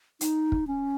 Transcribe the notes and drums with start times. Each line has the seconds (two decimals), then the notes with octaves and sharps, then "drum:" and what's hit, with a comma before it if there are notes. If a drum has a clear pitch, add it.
0.21 D#4, drum: hi-hat
0.52 drum: kick
0.67 C#4